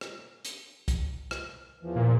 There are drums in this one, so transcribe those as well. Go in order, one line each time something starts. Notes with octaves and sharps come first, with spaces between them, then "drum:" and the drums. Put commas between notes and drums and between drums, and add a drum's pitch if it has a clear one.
drum: rim click
drum: hi-hat
drum: kick, hi-hat
drum: rim click
E2 E3 F3
A#2